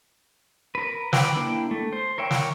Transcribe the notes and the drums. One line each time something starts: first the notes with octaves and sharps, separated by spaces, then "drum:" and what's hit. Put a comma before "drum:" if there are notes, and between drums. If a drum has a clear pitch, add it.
A#4 B4
B4 C5 G5 B5 D6, drum: snare
A#3 D4 E4 G5
A3
C5
A#4 C#5 E5 G5
drum: snare